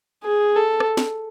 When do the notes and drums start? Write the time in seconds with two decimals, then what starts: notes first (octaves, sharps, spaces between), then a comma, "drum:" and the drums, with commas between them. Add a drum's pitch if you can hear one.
0.24 G#4
0.56 A4
0.80 drum: rim click
0.97 drum: snare